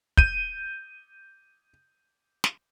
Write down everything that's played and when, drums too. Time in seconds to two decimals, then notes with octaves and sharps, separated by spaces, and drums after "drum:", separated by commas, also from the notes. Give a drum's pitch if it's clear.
0.17 G6 D#7, drum: kick
2.44 drum: snare